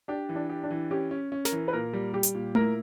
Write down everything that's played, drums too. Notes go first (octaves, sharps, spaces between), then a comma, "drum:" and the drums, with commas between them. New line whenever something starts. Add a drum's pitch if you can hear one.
D4 G4
E3
D4
G4
D4
E3
C#4 G4
C#4
C#4
A#4, drum: snare
E3
B4
A#2 A#4
G3
G3 G4
drum: hi-hat
A#2
E4 A#4, drum: tom A3